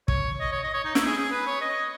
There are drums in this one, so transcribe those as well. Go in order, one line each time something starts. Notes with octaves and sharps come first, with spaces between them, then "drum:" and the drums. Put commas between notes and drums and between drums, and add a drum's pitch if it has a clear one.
C#5, drum: kick
D#5
C#5
D#5
C#5
D#4
E4, drum: snare
G#4
G#4
B4
C#5
D#5